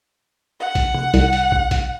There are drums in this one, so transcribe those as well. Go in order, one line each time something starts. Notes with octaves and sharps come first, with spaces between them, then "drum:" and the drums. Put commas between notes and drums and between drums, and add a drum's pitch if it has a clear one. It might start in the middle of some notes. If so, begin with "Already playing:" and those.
F#5
drum: kick, hi-hat
drum: tom
C2, drum: hi-hat
drum: hi-hat
drum: kick
drum: kick, hi-hat